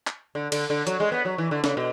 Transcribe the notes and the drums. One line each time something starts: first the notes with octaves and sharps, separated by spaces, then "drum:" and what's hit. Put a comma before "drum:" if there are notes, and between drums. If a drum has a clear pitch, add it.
drum: clap
D3
D3, drum: cymbal
D3
F#3, drum: hi-hat
G#3
B3
F#3
E3
D3
C#3, drum: snare
B2